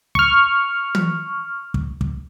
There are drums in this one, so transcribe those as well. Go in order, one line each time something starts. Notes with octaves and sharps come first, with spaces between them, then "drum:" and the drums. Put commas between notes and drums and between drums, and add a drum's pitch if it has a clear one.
C#6 F6, drum: kick
drum: tom
drum: kick
drum: kick